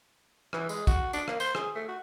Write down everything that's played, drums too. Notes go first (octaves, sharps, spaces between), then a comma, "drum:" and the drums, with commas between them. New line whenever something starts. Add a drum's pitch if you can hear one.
E3, drum: rim click
G#3, drum: tambourine
F#4, drum: kick, tambourine
D4, drum: tambourine
A#3, drum: rim click
C5, drum: tambourine
G#4, drum: rim click
A3
F#4